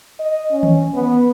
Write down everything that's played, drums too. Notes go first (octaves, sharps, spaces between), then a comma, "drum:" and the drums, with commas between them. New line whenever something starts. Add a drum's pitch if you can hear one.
D#5
C#4
drum: tom D#3
B3